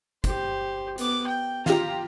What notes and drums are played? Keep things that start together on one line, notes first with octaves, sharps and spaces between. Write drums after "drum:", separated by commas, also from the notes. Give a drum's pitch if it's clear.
G4 C5, drum: kick, hi-hat
B3 D6, drum: hi-hat
G5
F4 G4 A#5, drum: snare